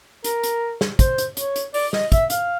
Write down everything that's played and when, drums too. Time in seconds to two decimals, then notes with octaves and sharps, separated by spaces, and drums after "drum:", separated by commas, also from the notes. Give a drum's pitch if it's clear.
0.24 A#4, drum: hi-hat
0.43 drum: hi-hat
0.81 drum: snare
0.99 C5, drum: kick, hi-hat
1.18 drum: hi-hat
1.37 C#5, drum: hi-hat
1.56 drum: hi-hat
1.74 D5, drum: open hi-hat
1.93 D#5, drum: snare
2.12 E5, drum: kick, hi-hat
2.30 F5, drum: hi-hat